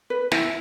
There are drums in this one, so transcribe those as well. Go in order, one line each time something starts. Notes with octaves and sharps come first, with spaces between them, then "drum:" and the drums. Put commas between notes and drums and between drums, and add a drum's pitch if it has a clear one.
B4
E4, drum: snare